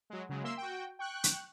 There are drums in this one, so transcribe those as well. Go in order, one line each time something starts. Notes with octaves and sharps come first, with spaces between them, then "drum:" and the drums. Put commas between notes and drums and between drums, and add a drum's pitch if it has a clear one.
F#3 G#3
C#3 F#3 G#3
A#3 E5 C6 E6
F#4 G5
G5 C#6 F#6
drum: hi-hat